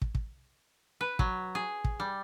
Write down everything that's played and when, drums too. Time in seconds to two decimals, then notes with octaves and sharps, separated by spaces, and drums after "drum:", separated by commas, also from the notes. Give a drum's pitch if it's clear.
0.02 drum: kick
0.15 drum: kick
1.01 B4
1.19 F#3, drum: kick
1.55 G#4
1.84 drum: kick
2.00 G3